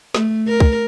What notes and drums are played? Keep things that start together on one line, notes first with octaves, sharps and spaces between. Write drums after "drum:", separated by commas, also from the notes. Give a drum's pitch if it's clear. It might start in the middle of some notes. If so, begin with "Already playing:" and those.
A3, drum: snare
A#4
drum: kick